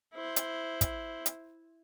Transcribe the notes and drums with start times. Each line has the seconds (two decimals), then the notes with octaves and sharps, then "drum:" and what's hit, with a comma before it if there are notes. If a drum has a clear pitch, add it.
0.14 E4 C5
0.36 drum: hi-hat
0.81 drum: kick, hi-hat
1.26 drum: hi-hat